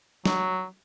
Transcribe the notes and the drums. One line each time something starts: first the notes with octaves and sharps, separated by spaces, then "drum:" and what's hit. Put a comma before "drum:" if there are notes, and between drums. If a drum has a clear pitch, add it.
F#3, drum: snare